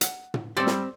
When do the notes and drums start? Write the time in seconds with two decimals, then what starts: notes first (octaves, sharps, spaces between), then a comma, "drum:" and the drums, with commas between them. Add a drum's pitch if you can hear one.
0.01 F#5, drum: hi-hat
0.34 drum: tom
0.57 G3 C4 G4 A4 C5 D5
0.67 drum: snare